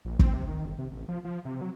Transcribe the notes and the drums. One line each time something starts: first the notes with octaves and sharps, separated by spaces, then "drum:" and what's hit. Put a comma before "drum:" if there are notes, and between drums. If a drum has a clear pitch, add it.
A#1
C4, drum: kick
C3
D#3
G1
C3
A1
F3
F3
C3
F#3